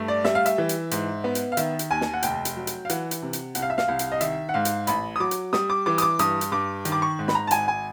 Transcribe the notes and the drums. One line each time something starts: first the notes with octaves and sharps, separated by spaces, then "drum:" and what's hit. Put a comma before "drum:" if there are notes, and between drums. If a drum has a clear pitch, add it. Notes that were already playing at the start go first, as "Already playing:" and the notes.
Already playing: G2 A3
D5
G3 E5, drum: snare
F5
E5, drum: hi-hat
E3
drum: hi-hat
G#2, drum: hi-hat
B3
drum: hi-hat
F5
D#3 E5, drum: hi-hat
drum: hi-hat
D#2 G#5
drum: snare
F#5
F1 G5, drum: hi-hat
drum: hi-hat
F#3
drum: hi-hat
F5
E3 F#5, drum: hi-hat
drum: hi-hat
C3
drum: hi-hat
C2 F#5, drum: hi-hat
F5
E5
F5, drum: snare
C2
drum: hi-hat
D#5
D#3 E5, drum: hi-hat
F#5
G#2 F5
drum: hi-hat
A1 B5, drum: hi-hat
D#6
F#3 D6
drum: hi-hat
G3 D#6, drum: snare
D6
E3 D6
D#6, drum: hi-hat
D6
G2 D#6, drum: hi-hat
drum: hi-hat
G2 D6
D#3, drum: hi-hat
D6
C#6
G#2
B5, drum: snare
A#5
A5
G#1 G#5, drum: hi-hat
G#5